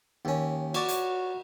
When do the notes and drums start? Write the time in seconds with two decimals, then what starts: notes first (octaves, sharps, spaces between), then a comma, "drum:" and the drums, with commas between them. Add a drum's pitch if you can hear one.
0.25 D#2 C#4
0.74 F#4 C#5 D5, drum: cymbal
0.88 drum: hi-hat